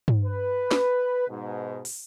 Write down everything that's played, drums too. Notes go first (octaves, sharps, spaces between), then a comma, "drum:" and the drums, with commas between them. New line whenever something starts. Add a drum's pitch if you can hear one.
drum: tom
B4
drum: snare
G#2 B2
drum: open hi-hat